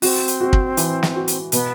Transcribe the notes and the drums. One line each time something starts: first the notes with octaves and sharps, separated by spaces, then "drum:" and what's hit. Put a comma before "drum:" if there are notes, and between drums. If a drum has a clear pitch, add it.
C4 F#4, drum: open hi-hat
drum: hi-hat
F#4
drum: kick
E3, drum: hi-hat
drum: snare
F#4
drum: hi-hat
B2 B3, drum: hi-hat